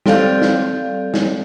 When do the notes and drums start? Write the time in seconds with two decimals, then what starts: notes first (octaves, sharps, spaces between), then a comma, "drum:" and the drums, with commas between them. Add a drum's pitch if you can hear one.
0.06 G3 C4 A4 D5 F5 G6, drum: snare
0.42 drum: snare
1.14 drum: snare